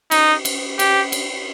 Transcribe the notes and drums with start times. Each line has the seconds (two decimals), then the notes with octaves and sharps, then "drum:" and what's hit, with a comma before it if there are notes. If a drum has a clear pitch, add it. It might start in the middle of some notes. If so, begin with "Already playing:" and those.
0.11 D#4, drum: cymbal
0.45 drum: cymbal
0.79 G4, drum: cymbal
1.12 drum: cymbal